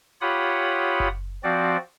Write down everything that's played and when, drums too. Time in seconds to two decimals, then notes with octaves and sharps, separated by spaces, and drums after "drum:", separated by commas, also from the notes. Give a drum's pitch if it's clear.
0.21 F4 G4 C#5 F#5 B5 D#6
1.00 drum: kick F#1
1.44 F3 C4 F#4 D5